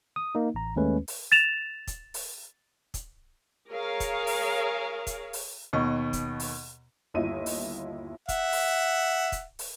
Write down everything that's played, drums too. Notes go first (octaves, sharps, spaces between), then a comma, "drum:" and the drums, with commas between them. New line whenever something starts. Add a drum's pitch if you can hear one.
D#6
A#3 D#4
A1 A#5
D#2 G#3 A3 C#4 B4
drum: open hi-hat
A6 E7 F7
drum: kick, hi-hat
drum: open hi-hat
drum: kick, hi-hat
G#4 A#4 C#5 F5
drum: kick, hi-hat
drum: open hi-hat
drum: kick, hi-hat
drum: open hi-hat
D#2 B2 C#6
drum: kick, hi-hat
drum: open hi-hat
G1 D#2 E4 F4 D#5 D#7
drum: open hi-hat
E5 F#5, drum: kick, hi-hat
drum: open hi-hat
drum: kick, hi-hat
drum: open hi-hat